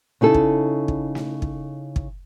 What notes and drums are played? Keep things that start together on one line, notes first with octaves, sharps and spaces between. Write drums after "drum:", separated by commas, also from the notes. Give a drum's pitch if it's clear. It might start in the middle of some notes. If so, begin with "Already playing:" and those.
C#3 D#4 E4 A4
drum: kick
drum: kick
drum: snare
drum: kick
drum: kick